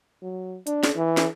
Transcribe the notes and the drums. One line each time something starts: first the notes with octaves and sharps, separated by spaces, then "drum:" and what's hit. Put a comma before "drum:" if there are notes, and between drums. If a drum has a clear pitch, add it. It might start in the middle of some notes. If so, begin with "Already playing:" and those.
F#3
D4, drum: hi-hat
drum: snare
E3
drum: snare